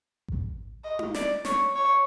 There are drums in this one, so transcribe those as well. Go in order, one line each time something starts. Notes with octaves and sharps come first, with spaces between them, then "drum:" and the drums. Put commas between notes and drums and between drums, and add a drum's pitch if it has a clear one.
drum: kick A1
D#5
drum: tom D#4
D5, drum: snare
C#5, drum: snare
C#5